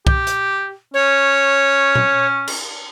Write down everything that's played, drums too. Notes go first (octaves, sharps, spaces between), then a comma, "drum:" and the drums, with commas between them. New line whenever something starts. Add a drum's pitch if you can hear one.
G4, drum: kick
drum: hi-hat
C#4 C#5
drum: tom A#2
drum: cymbal